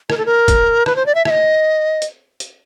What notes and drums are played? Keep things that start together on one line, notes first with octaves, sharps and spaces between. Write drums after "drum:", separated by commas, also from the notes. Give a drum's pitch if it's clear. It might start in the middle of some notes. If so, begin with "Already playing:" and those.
A#4, drum: rim click
A4
A#4
drum: kick, hi-hat
B4, drum: rim click
C5
D5
E5
E5, drum: rim click
D#5
drum: hi-hat
drum: hi-hat